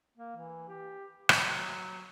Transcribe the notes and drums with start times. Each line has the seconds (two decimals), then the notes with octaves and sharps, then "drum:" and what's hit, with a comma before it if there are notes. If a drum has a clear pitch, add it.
0.17 A#3
0.37 E3
0.68 G4
1.29 F#3, drum: rim click